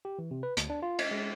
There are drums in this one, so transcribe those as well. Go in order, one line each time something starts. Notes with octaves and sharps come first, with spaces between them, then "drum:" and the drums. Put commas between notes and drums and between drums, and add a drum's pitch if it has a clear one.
G4
E3
C3
B4
D2, drum: hi-hat
D4
F4
D#5, drum: cymbal
G#3